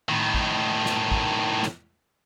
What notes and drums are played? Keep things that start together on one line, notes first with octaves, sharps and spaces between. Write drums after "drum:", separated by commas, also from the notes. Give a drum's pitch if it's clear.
A2 D#3
drum: kick A1
drum: snare
drum: kick A1
drum: snare